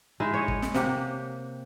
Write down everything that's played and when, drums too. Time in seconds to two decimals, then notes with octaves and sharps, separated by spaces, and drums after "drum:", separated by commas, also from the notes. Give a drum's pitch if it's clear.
0.20 G#3 D#4 E4
0.34 C#5 D#5
0.48 drum: kick
0.62 drum: snare
0.74 C3 A#3 G4 F#5, drum: snare